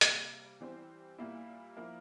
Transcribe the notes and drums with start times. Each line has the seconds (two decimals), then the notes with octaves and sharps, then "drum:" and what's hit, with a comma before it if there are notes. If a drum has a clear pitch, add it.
0.01 C3 G3 A#3, drum: hi-hat
0.61 E3 G3 C4 G4 C5
1.18 A#2 G3 A#3 E4
1.77 F3 A#3 E4 A#4